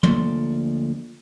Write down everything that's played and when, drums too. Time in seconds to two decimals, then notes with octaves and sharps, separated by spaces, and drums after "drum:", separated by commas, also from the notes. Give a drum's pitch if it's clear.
0.03 D2 F3 A#3 A4 D5 C6, drum: tom